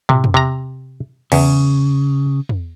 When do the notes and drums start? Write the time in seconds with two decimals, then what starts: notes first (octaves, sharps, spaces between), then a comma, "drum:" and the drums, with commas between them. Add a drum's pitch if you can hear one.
0.09 C3, drum: tom
0.24 drum: tom
0.34 C3 A#5
1.32 E2 C#3, drum: cymbal
2.49 drum: tom